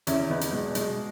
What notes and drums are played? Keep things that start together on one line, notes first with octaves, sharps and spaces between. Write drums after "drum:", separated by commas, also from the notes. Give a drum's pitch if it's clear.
E2 C#4 E4, drum: hi-hat
E2 B3 D#4
drum: hi-hat
B2 G#3
B2 G#3, drum: hi-hat